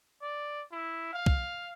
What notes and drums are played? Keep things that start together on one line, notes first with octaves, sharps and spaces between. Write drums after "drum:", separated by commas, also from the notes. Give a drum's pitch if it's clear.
D5
E4
F5
drum: kick